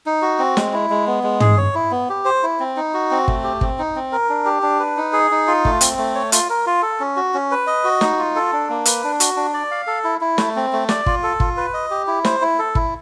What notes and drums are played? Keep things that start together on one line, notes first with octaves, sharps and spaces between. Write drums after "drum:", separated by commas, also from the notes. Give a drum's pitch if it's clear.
D#4
F#4
C4
G#3, drum: snare
E4
G#3
B3
G#3
G#4, drum: tom
C#5
E4
B3
G4
C5
E4
C4
D#4
F#4
C4
A3, drum: kick
G4
C4, drum: kick
D#4
C4
A#4
D4
G4
D4
B4
D#4
G#4
D#4
F4
A3, drum: kick
C4, drum: hi-hat
A3
C#5
F4, drum: hi-hat
A#4
F4
A4
C#4
F#4
C#4
B4
D#5
F#4
D#4, drum: snare
F4
A4
D4
A#3
B4, drum: hi-hat
D4
F#4, drum: hi-hat
D4
D5
F5
A4
E4
E4
A3, drum: snare
C4
A3
D5, drum: snare
F4, drum: kick
A4
F4, drum: kick
B4
D#5
G4
E4
C5, drum: snare
E4
A4
E4, drum: kick